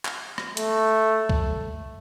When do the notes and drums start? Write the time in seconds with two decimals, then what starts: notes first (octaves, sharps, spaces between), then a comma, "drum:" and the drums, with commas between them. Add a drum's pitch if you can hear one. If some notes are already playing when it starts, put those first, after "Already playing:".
0.05 drum: clap
0.38 drum: rim click
0.57 A3, drum: hi-hat
1.29 drum: kick